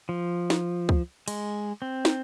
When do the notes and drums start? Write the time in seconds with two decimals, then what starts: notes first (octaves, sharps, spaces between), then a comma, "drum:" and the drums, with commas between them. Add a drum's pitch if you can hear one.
0.09 F3
0.50 drum: snare
0.89 drum: kick C#2
1.28 G#3, drum: cymbal
1.82 C4
2.05 drum: snare